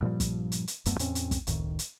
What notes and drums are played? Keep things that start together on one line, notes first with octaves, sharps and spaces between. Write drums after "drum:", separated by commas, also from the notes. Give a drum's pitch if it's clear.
G2 A#2 F3 G3
drum: kick, hi-hat
drum: hi-hat
drum: hi-hat
D1 F#2 A3 B3, drum: hi-hat
E2 A2 C4 C#4, drum: hi-hat
drum: hi-hat
drum: kick, hi-hat
F1 C#2 A2 D#3, drum: hi-hat
drum: hi-hat